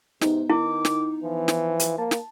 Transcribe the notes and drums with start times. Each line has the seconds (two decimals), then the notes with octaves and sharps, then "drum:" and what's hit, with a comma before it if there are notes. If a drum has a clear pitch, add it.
0.21 G#2 C3 B3 D#4, drum: snare
0.50 D#3 E4 D6
0.85 drum: snare
1.23 E3 F3
1.48 drum: snare
1.80 drum: hi-hat
1.98 A#3 A5
2.11 drum: snare